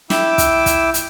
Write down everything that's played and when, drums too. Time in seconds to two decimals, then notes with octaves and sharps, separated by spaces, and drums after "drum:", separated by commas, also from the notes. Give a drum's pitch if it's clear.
0.10 E4 G5 D6 E6, drum: snare
0.38 drum: kick, hi-hat
0.66 drum: kick, hi-hat
0.94 drum: hi-hat